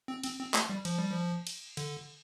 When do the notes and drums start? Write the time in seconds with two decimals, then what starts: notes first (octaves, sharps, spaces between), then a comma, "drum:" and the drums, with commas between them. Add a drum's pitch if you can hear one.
0.08 C4
0.23 C4, drum: cymbal
0.39 C4
0.54 A3, drum: clap
0.69 G3
0.85 F3, drum: cymbal
0.98 G3
1.12 F3
1.47 drum: cymbal
1.77 D3, drum: cymbal